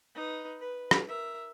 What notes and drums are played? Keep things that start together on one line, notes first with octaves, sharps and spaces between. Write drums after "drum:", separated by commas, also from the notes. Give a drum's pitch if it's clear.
D#4 B4
B4
drum: rim click
A#4 E5